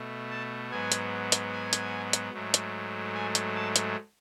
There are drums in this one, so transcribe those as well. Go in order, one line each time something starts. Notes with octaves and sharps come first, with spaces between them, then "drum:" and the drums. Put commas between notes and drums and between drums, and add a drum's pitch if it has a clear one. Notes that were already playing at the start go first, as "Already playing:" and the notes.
Already playing: B2 A3
A5
G#2 F#3 B3 G#5
drum: hi-hat
drum: hi-hat
G#5
drum: hi-hat
drum: hi-hat
G#2 F#3 A3
drum: hi-hat
G#5
drum: hi-hat
A5
drum: hi-hat